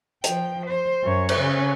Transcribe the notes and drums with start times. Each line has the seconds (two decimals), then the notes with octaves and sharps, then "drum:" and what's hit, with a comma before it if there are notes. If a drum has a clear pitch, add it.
0.24 F3 G5, drum: hi-hat
0.66 C5
1.03 F#2 C#5
1.29 drum: cymbal
1.40 C#3 C#4